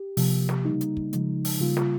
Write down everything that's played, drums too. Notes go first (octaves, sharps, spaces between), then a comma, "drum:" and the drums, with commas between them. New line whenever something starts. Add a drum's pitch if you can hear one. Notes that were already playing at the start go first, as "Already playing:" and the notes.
Already playing: G4
C3 F3 A#3, drum: open hi-hat
drum: snare
C#3 G3 A#3 D#4
drum: hi-hat
drum: kick
C#3 F3 G#3, drum: hi-hat
drum: open hi-hat
C#3 G3 A#3 F4
F4, drum: snare